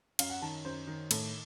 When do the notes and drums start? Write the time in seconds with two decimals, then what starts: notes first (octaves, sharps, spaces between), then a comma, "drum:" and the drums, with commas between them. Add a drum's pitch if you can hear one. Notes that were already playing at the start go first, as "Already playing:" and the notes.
0.19 F#2 F5, drum: cymbal
0.30 F#5
0.42 D#3 A5
0.65 F#2 C5
0.87 D#3
1.11 A2 A4, drum: cymbal